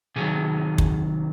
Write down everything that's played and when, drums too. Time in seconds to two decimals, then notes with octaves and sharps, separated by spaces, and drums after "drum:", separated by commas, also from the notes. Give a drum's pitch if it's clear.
0.16 C3 D#3 F#3 G#4
0.78 drum: kick